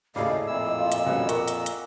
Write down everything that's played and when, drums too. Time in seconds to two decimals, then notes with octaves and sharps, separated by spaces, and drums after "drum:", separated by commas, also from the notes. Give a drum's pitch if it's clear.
0.16 D#2 A2 C#3 G#4 A4 D5 D#5 F5
0.47 F2 A#2 E4 E6
0.79 F4
0.92 drum: hi-hat
1.06 B2 G3 C#4 F#5
1.29 A#4 F#5 C#6 D6, drum: hi-hat
1.48 drum: hi-hat
1.66 drum: hi-hat